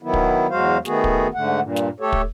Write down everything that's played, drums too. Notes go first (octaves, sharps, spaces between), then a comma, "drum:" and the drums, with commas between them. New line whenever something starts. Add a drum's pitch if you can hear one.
D#3 F#3 B3 E4
drum: kick
E2 F#3 G#3 F#4 C5 F5
D#3 A3 B3 F#4 G#4, drum: snare
drum: kick
G#2 D3 A3 F#5
G2 A#2
drum: snare
A3 G4 A4 C#5
drum: kick